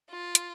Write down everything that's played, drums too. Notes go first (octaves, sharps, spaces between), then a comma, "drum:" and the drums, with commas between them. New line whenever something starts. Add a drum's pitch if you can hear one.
F4
drum: hi-hat